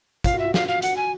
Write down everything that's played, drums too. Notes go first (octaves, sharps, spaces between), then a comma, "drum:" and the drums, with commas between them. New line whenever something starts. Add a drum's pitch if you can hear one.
F4 F5, drum: kick, hi-hat
F#4
E5
F4
F5, drum: snare
F5
F#4 F#5, drum: hi-hat
G#5